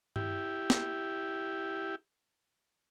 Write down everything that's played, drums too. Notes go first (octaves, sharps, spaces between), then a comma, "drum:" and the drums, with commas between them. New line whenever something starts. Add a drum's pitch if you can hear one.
E4 G4, drum: tom G2
drum: snare